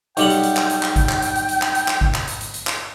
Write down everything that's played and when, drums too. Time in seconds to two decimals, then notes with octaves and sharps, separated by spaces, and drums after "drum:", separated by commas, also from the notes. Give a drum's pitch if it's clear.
0.17 B1 G3 F#5 G5, drum: hi-hat
0.30 drum: hi-hat
0.43 drum: hi-hat
0.56 drum: clap
0.70 drum: hi-hat
0.83 drum: clap
0.96 drum: kick G#1, hi-hat
1.09 drum: clap
1.22 drum: hi-hat
1.35 drum: hi-hat
1.49 drum: hi-hat
1.62 drum: clap
1.75 drum: hi-hat
1.88 drum: clap
2.01 drum: kick G#1
2.14 drum: clap
2.28 drum: hi-hat
2.41 drum: hi-hat
2.54 drum: hi-hat
2.67 drum: clap